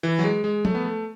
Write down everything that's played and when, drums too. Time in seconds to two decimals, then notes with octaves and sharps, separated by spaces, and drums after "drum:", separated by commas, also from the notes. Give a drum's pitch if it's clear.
0.03 E3
0.19 F#3
0.24 G#3
0.44 G#3
0.65 A3, drum: tom F3
0.75 B3
0.85 A3